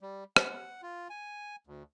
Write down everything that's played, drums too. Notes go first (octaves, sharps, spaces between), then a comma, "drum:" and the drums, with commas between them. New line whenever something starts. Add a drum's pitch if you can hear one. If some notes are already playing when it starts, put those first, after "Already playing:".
G3
F#5, drum: rim click
F4
G#5
D2